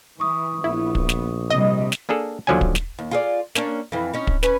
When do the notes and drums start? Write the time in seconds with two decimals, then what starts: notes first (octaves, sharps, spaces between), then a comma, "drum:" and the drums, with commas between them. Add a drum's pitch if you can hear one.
0.20 E3 C#6 D#6
0.64 A#1 B3 E4
0.95 drum: kick
1.09 drum: snare
1.50 C3 G3 D#5
1.92 drum: snare
2.09 A#3 D4 G#4 A4
2.47 D#2 D3 F3 F#3 C#4 G#5
2.61 drum: kick
2.75 drum: snare
2.99 D#2
3.11 F4 G#4 D5
3.55 A#3 C#4 D4, drum: snare
3.92 F2 E3
4.14 C#4 D#4
4.27 drum: kick
4.43 C#4 B4, drum: snare